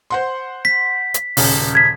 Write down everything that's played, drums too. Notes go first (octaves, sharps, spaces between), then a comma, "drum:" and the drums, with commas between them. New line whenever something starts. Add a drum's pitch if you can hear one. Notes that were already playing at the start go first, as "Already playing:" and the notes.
C5 F#5 C6
B6
drum: hi-hat
D#1 C#3, drum: open hi-hat
G#6 B6